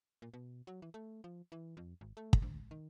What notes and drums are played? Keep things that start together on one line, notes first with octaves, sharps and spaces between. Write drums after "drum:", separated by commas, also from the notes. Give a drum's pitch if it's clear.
A#2
B2
F#3
E3
A3
F3
E3
F2
G#1
A3
drum: kick
D2
D#3